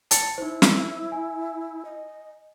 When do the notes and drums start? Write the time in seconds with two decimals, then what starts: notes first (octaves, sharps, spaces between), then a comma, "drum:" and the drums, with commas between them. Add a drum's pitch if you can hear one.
0.11 A5 A6 C#7, drum: hi-hat
0.38 D#4 E4 C5
0.62 drum: snare
1.12 G#5
1.85 D#5